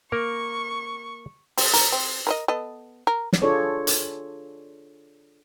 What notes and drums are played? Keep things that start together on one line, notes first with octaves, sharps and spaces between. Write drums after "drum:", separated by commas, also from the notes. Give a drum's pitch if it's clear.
A#3 A#4 C#6
C4, drum: open hi-hat
A#4, drum: hi-hat
C4
A#4 B4 D#5
B3 A4 D#5
A#4
drum: snare
D4 F4 G#4 A4 C#5 D5
drum: hi-hat